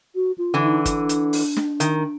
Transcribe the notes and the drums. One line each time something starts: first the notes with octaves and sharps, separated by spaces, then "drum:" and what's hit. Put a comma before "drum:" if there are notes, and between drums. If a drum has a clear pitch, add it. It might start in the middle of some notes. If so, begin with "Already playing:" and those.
F#4
F4
D3 E3
D#4
D4, drum: kick, hi-hat
drum: hi-hat
drum: open hi-hat
drum: snare
D#3, drum: hi-hat